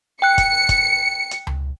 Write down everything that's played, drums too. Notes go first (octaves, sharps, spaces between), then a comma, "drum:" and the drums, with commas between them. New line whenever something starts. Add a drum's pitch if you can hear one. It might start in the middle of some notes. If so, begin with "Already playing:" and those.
G5 F#6 C#7
drum: kick, hi-hat
drum: kick, hi-hat
drum: hi-hat
drum: tom C#2